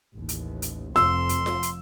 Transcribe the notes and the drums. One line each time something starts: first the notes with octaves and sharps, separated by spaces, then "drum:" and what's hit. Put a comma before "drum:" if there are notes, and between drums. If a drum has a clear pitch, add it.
A1 D#2
drum: hi-hat
drum: hi-hat
F1 F2 C6 E6, drum: snare F4
drum: hi-hat
drum: snare F4
drum: hi-hat